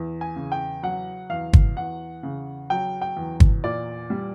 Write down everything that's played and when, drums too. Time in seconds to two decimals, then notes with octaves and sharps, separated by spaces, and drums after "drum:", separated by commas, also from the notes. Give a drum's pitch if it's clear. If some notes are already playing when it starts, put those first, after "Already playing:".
Already playing: E2
0.21 G#5
0.36 C#3
0.52 G5
0.83 F#3 F#5
1.30 E2 F5
1.53 drum: kick
1.77 E2 F#5
2.23 C#3
2.70 F#3 G5
3.02 G5
3.17 E2
3.40 drum: kick
3.64 A#2 D5
4.10 G3